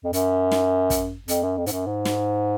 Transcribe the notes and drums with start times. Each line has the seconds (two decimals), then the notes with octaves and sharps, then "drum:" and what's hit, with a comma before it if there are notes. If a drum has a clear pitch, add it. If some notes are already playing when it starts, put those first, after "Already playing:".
0.04 F2
0.13 F#2, drum: hi-hat
0.52 drum: snare
0.90 drum: kick, hi-hat
1.28 F2, drum: hi-hat
1.43 F#2
1.57 F2
1.66 G#2, drum: hi-hat
1.71 F#2
1.86 G#2
2.05 drum: snare